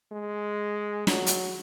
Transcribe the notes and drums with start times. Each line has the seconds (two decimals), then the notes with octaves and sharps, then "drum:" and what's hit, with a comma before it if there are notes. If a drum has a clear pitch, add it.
0.11 G#3
1.07 F#3, drum: snare
1.26 drum: hi-hat